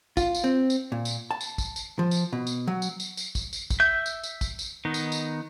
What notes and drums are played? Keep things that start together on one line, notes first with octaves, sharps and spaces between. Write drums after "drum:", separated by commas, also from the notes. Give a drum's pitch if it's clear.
F4, drum: kick, tambourine
drum: tambourine
C4
drum: tambourine
A#2
drum: tambourine
A5
drum: tambourine
drum: kick, tambourine
drum: tambourine
F3
drum: tambourine
B2
drum: tambourine
F#3
drum: tambourine
drum: tambourine
drum: tambourine
drum: kick, tambourine
drum: tambourine
drum: kick, tambourine
E5 G6
drum: tambourine
drum: tambourine
drum: kick, tambourine
drum: tambourine
D#3 B3 D#4
drum: tambourine
drum: tambourine